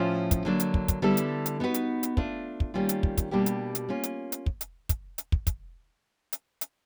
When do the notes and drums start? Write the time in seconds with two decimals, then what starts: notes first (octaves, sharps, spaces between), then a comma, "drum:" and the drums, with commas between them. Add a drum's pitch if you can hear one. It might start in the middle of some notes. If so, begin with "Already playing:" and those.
Already playing: A2 F3 A3 C#4 F4
0.31 drum: kick, hi-hat
0.45 D3 F#3 A#3 D4
0.60 drum: hi-hat
0.74 drum: kick
0.88 drum: kick, hi-hat
1.02 D3 G3 B3 E4 A4
1.17 drum: hi-hat
1.46 drum: hi-hat
1.60 B3 D#4 F#4 B4
1.74 drum: hi-hat
2.03 drum: hi-hat
2.17 A3 D4 F4, drum: kick
2.60 drum: kick
2.74 D#3 G3 A#3 C#4 F4
2.89 drum: hi-hat
3.03 drum: kick
3.17 drum: kick, hi-hat
3.31 B2 G3 A#3 D4 G4
3.46 drum: hi-hat
3.75 drum: hi-hat
3.89 A#3 C#4 F4
4.03 drum: hi-hat
4.32 drum: hi-hat
4.46 drum: kick
4.61 drum: hi-hat
4.89 drum: kick, hi-hat
5.18 drum: hi-hat
5.32 drum: kick
5.47 drum: kick, hi-hat
6.33 drum: hi-hat
6.61 drum: hi-hat